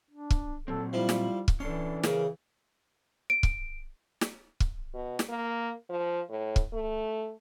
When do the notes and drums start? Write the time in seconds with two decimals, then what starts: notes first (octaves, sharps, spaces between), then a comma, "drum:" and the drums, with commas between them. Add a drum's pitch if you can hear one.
0.11 D4
0.30 drum: kick
0.68 A#2 F#3 C4 A4
0.93 F3 G3 E4
1.09 drum: snare
1.48 drum: kick
1.60 E3 C#4 D4 A4 C6
2.03 C#3 A#4, drum: snare
3.30 D7
3.43 drum: kick
4.21 drum: snare
4.60 drum: kick
4.94 B2
5.19 drum: snare
5.30 A#3
5.90 F3
6.30 A2
6.56 drum: kick
6.73 A3